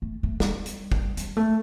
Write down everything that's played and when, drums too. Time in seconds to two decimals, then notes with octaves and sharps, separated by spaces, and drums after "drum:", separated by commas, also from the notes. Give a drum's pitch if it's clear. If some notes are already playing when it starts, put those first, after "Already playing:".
0.02 A3
0.23 A3
0.40 G3, drum: snare
0.66 drum: hi-hat
0.92 drum: kick
1.17 G3, drum: hi-hat
1.37 A3